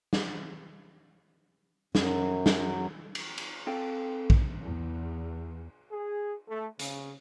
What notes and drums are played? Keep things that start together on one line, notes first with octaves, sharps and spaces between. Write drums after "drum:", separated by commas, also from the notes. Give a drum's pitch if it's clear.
drum: snare
F#2, drum: snare
drum: snare
drum: cymbal
drum: cymbal
C4 A4 F5 G5
drum: kick A#1
E2
G#4
A3
C#3, drum: hi-hat